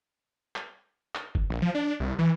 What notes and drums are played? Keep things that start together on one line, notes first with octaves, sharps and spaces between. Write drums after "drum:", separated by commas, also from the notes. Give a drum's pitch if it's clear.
drum: clap
drum: clap
drum: kick F#1
A#1
F3
D4
C2
E3